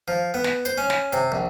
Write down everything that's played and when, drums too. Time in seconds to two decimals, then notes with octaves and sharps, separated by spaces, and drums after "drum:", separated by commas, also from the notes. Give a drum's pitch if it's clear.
0.08 F3
0.34 B3
0.44 drum: snare
0.65 C5, drum: hi-hat
0.78 C#4
0.90 drum: snare
1.13 C3, drum: hi-hat
1.32 A#1